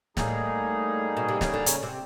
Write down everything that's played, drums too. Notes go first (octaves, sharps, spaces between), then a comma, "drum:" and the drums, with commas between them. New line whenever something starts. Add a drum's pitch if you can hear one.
A2 G3 A#3 D#4 G#4, drum: snare
B2
C3
C#3, drum: snare
D3
C#3, drum: hi-hat
C3